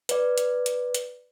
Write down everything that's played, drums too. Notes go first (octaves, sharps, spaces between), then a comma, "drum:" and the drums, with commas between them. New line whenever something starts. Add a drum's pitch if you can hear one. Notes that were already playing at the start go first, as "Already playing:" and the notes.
B4 D5, drum: hi-hat
drum: hi-hat
drum: hi-hat
drum: hi-hat